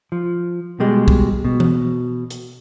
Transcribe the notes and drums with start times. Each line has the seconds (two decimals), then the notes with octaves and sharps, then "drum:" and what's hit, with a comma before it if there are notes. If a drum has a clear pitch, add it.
0.12 F3
0.80 B2 G3 G#3 G4
1.08 drum: kick
1.45 B2
1.60 drum: tom E3
2.30 drum: hi-hat